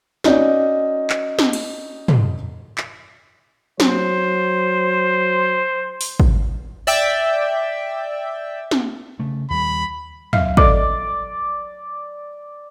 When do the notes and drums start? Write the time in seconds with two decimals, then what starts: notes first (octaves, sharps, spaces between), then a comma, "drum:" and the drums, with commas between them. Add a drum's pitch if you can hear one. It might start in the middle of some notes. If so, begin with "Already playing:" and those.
0.24 C#4 D#4 F#4 D5 D#5, drum: snare
1.10 drum: clap
1.39 drum: snare
1.53 drum: cymbal
2.08 drum: tom
2.78 drum: clap
3.80 F#3 C5, drum: snare
6.01 drum: open hi-hat
6.20 drum: kick
6.87 D5 E5 G5
8.71 drum: snare
9.20 C#3 A3
9.50 D#2 G3 B5
10.33 F#3 E5 F5, drum: tom
10.57 A4 D5 D#5, drum: kick